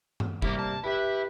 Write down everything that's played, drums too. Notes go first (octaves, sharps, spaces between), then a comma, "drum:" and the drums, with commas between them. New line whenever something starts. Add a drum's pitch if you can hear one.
drum: tom G2
C3 G3 A#3 E4 G4, drum: kick
A5
E4 G4 B4 E5